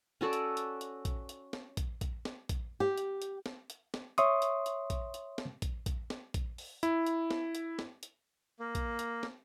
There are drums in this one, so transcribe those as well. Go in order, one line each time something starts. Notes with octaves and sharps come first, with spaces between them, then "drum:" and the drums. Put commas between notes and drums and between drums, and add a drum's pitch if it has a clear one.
C#4 F#4 A4 D5
drum: hi-hat
drum: hi-hat
drum: hi-hat
drum: kick, hi-hat
drum: hi-hat
drum: snare
drum: kick, hi-hat
drum: kick, hi-hat
drum: snare
drum: kick, hi-hat
G4
drum: hi-hat
drum: hi-hat
drum: snare
drum: hi-hat
drum: snare
C#5 E5 C6 C#6 D#6, drum: hi-hat
drum: hi-hat
drum: hi-hat
drum: kick, hi-hat
drum: hi-hat
drum: snare
drum: kick, hi-hat
drum: kick, hi-hat
drum: snare
drum: kick, hi-hat
drum: open hi-hat
E4, drum: hi-hat
drum: hi-hat
drum: snare
drum: hi-hat
drum: snare
drum: hi-hat
A#3
drum: kick, hi-hat
drum: hi-hat
drum: snare